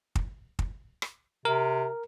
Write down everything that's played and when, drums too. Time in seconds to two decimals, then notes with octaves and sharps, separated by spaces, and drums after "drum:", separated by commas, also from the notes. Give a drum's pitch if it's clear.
0.15 drum: kick
0.59 drum: kick
1.02 drum: rim click
1.45 C3 A#4